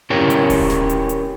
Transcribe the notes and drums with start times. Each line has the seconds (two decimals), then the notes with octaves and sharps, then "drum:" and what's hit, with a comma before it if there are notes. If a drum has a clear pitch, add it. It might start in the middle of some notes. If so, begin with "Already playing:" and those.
0.10 C#4 E4 G4 A#4 C#5
0.30 drum: hi-hat
0.50 drum: kick D#1, open hi-hat
0.70 drum: snare
0.89 drum: hi-hat
1.09 drum: hi-hat